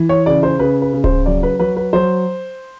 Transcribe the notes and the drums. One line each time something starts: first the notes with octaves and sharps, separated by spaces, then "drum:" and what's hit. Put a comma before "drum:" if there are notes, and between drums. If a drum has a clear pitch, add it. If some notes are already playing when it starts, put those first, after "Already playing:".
Already playing: E3
C#5
C#3 D5
C5
C#3 B4
B4
C#3
C5, drum: kick D1
F#3 D5
B4
F#3 B4
B4
F#3 C5